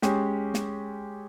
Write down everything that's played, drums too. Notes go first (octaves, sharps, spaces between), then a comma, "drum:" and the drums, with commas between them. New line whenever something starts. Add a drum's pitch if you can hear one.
G#3 C#4 G4, drum: snare
drum: snare